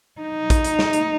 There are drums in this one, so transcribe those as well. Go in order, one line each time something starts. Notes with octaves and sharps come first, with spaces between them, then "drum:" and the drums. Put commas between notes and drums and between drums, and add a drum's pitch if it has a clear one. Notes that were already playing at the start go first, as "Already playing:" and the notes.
D#4
drum: kick, hi-hat
drum: hi-hat
drum: snare
drum: hi-hat